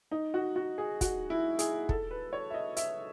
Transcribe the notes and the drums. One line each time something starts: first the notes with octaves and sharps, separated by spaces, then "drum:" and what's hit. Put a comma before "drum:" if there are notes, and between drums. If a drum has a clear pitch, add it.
D#4
F#4
F#4
G#4
F#4, drum: kick, hi-hat
E4
G#4, drum: hi-hat
A4, drum: kick
B4
C#5
E5
D#5
E5, drum: hi-hat